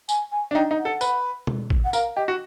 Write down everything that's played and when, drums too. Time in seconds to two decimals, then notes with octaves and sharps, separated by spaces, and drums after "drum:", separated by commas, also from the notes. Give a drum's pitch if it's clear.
0.09 G#5, drum: tambourine
0.32 G#5
0.51 D4
0.55 D#4 G5
0.71 D#4
0.78 F#5
0.85 A4
1.01 B4, drum: tambourine
1.47 drum: tom
1.70 drum: kick
1.85 F#5
1.93 A#4 F5, drum: tambourine
2.16 G4 D#5
2.28 F#4